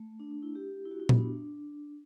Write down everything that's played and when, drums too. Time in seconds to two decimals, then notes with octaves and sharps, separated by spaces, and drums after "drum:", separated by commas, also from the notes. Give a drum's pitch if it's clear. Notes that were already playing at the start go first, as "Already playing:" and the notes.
Already playing: A3
0.19 D4
0.31 D4
0.43 E4
0.55 G4
0.85 E4
0.91 F#4
1.00 E4
1.09 B3, drum: tom A#2
1.18 D4